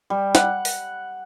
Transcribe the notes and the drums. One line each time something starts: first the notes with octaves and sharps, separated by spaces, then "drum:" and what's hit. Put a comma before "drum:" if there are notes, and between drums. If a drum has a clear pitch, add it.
G3
F#5, drum: snare
drum: open hi-hat